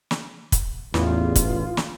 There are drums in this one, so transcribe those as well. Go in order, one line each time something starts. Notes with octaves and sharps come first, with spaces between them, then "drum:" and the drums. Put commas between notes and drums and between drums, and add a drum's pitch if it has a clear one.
drum: snare
drum: kick, hi-hat
A1 E2 F4, drum: snare
drum: kick, hi-hat
drum: snare